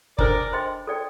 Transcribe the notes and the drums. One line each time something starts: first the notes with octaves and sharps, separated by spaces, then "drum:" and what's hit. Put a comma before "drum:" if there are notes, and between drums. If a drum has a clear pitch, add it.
D4 A4 A#4 C5 D5 G5 A#5, drum: kick F#1
C5 D#5 G5 C6
A4 D5 G5